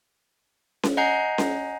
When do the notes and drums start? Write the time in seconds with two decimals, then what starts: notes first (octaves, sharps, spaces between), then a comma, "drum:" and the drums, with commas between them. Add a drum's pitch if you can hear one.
0.83 drum: snare C#4
0.97 D#5 F#5 G#5 A#5 G6 C7
1.38 drum: snare C#4